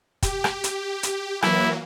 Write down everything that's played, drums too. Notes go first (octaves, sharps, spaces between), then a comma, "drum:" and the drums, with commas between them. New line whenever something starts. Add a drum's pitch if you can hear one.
G4, drum: kick, hi-hat
drum: rim click
drum: hi-hat
drum: hi-hat
E3 F#3 A#3 E4, drum: rim click